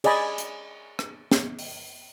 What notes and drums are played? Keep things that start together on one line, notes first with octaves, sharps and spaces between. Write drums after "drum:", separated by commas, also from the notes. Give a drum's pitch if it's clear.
G#4 D5 D#5 G#5 B5, drum: cymbal
drum: hi-hat
drum: rim click
drum: snare
drum: open hi-hat